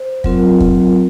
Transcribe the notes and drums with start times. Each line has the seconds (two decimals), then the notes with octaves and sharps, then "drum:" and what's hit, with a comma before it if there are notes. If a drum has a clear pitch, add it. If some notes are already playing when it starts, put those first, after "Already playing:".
Already playing: C5
0.24 F#3 C4 F4 A#4, drum: kick
0.60 drum: kick